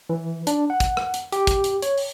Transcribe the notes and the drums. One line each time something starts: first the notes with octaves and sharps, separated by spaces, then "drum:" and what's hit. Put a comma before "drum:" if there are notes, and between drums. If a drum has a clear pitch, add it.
E3
D4, drum: hi-hat
F#5
drum: kick, hi-hat
drum: rim click
drum: hi-hat
G4, drum: hi-hat
drum: kick, hi-hat
drum: hi-hat
C#5, drum: hi-hat
drum: open hi-hat